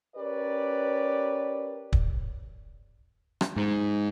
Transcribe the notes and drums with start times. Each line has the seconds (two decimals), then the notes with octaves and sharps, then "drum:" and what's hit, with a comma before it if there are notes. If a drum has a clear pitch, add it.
0.16 C#4 G4 A#4 B4 C#5 D5
1.93 drum: kick
3.41 drum: rim click
3.57 G#2